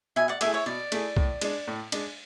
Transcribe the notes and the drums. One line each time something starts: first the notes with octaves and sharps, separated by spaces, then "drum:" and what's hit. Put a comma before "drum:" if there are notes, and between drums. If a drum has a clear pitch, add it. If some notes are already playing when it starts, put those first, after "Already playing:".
B2 E5 G#5
D5 F#5
A3 E4 G#4 E5 G#5, drum: cymbal
C#5 E5
B2 D5
A3 E4 G#4, drum: cymbal
A2, drum: kick
G#3 D4, drum: cymbal
A2
G#3 D4, drum: cymbal